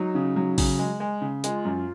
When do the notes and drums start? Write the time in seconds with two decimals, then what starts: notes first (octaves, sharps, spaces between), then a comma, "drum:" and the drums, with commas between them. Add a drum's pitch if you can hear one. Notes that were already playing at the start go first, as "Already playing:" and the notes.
Already playing: F#3 D#4
0.15 C#3
0.36 F#3
0.58 C#3, drum: kick, open hi-hat
0.79 G#3
1.00 G#3
1.21 C#3
1.44 G#3 F4, drum: hi-hat
1.65 F#2